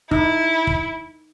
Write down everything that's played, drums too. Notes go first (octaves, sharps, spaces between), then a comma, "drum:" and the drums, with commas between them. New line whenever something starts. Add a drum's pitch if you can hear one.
D#4 E4, drum: kick
drum: kick